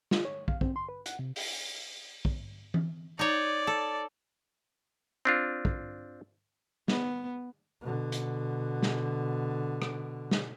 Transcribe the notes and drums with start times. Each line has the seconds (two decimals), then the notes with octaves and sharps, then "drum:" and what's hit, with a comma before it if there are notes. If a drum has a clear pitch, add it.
0.11 F4, drum: snare
0.25 C#5
0.48 F5, drum: kick
0.61 C4, drum: kick
0.76 C6
0.89 B4
1.06 F#5, drum: hi-hat
1.19 C3
1.36 drum: open hi-hat
2.25 drum: kick
2.74 drum: tom E3
3.19 D#4 C#5 D5
3.67 A4
5.25 C4 D4 F4
5.65 drum: kick
6.88 B3, drum: snare
7.81 B2 D3
8.12 drum: hi-hat
8.82 drum: snare
9.82 drum: rim click
10.31 drum: snare